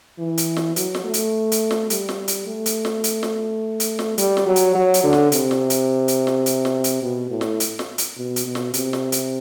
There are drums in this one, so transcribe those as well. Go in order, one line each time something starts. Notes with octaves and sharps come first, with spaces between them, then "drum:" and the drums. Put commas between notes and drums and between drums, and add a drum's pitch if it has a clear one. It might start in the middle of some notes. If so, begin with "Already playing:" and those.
E3
drum: hi-hat
drum: snare
F#3, drum: hi-hat
drum: snare
A3
drum: hi-hat
drum: hi-hat
drum: snare
G3, drum: hi-hat
drum: snare
drum: hi-hat
A3
drum: hi-hat
drum: snare
drum: hi-hat
drum: snare
drum: hi-hat
drum: snare
G3, drum: hi-hat
drum: snare
F#3
drum: hi-hat
F#3
drum: hi-hat
D3
drum: snare
C3, drum: hi-hat
drum: snare
drum: hi-hat
drum: hi-hat
drum: snare
drum: hi-hat
drum: snare
drum: hi-hat
B2
A2
drum: snare
drum: hi-hat
drum: snare
drum: hi-hat
B2
drum: hi-hat
B2
drum: snare
C3, drum: hi-hat
drum: snare
drum: hi-hat